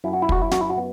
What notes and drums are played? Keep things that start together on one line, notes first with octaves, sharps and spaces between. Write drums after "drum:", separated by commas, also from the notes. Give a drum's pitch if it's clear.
F#2 E4
F#4
E4
F#3 F#4, drum: kick
E4
F#2 F#4, drum: snare
E4
F#4
B3